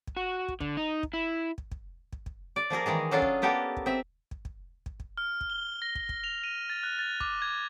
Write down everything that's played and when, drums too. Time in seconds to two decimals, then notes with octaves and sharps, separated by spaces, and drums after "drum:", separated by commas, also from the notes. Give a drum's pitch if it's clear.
0.07 drum: kick
0.17 F#4
0.48 drum: kick
0.61 D3, drum: kick
0.77 D#4
1.03 drum: kick
1.13 E4
1.58 drum: kick
1.72 drum: kick
2.13 drum: kick
2.26 drum: kick
2.56 D5
2.70 F3 A#3 G#4 A#4
2.86 D#3 E3 G#3 G#4
3.11 F#3 C#4 D4 F4 G#4 A4
3.22 drum: kick
3.42 A#3 B3 G4 A4 A#4
3.77 drum: kick
3.86 C4 E5
4.31 drum: kick
4.45 drum: kick
4.86 drum: kick
5.00 drum: kick
5.17 F6
5.41 drum: kick
5.50 G7
5.82 A#6
5.95 drum: kick
6.09 drum: kick
6.24 F7
6.44 D#7
6.70 A6
6.83 F#6
6.99 A6
7.20 D6, drum: kick
7.42 G#6